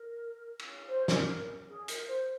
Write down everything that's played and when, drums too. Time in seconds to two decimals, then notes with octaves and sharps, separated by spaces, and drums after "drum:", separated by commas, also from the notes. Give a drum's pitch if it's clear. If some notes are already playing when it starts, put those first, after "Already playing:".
Already playing: A#4
0.59 drum: cymbal
0.88 C5
1.08 A#4, drum: snare
1.27 A#4
1.68 G#4
1.88 A#4, drum: hi-hat
2.07 C5